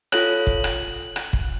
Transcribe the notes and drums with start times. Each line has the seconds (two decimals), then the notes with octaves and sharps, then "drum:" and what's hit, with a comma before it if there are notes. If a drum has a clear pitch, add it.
0.12 F4 A4 C#5 F#6 F#7, drum: rim click
0.47 drum: kick
0.64 drum: rim click
1.16 drum: rim click
1.33 drum: kick